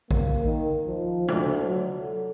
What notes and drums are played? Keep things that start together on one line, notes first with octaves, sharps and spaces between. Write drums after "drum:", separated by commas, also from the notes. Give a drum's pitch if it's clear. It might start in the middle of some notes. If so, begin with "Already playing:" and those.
A#3, drum: kick A1
D#3
F3
D2, drum: tom
F#3
A4